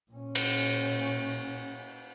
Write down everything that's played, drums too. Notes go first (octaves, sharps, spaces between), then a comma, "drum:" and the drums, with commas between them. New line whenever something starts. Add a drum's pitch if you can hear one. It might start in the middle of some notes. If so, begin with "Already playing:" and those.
A#2 C#4
drum: cymbal